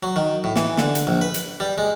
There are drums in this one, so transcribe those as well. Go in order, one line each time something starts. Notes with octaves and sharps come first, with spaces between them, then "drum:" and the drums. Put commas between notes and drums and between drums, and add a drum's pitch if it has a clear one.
F#3
D#3
A2
E3, drum: snare
D3, drum: snare
drum: hi-hat
A#1
B4
drum: hi-hat
G3
G#3